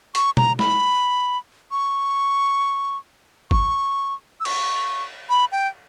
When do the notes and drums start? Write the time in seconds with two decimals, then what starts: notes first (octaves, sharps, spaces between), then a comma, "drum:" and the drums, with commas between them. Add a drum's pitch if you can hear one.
0.15 C#6, drum: hi-hat
0.37 A#5, drum: tom B2
0.59 B5, drum: snare
1.71 C#6
3.51 C#6, drum: kick
4.40 E6
4.45 C#6, drum: cymbal
5.30 B5
5.52 G5